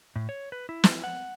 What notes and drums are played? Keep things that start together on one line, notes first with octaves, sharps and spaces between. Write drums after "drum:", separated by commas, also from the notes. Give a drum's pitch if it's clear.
A2
C#5
B4
E4
drum: snare
F#5